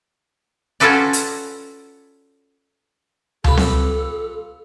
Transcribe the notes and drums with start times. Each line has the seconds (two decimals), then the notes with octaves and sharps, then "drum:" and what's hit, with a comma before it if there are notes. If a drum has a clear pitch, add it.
0.80 C#4 F4 F#4 A4 B4 D5
1.13 drum: hi-hat
3.44 F4 G4 A4 B4, drum: tom C#2
3.57 drum: snare C4